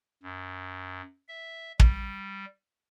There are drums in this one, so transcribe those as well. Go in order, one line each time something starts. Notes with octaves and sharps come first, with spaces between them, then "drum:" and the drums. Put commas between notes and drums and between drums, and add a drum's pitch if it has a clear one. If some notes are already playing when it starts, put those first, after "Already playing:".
F#2
E5
G3, drum: kick